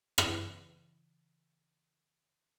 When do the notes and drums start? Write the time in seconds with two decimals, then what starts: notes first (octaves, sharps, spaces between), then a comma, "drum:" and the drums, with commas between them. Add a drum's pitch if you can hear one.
0.18 C#3 E3, drum: rim click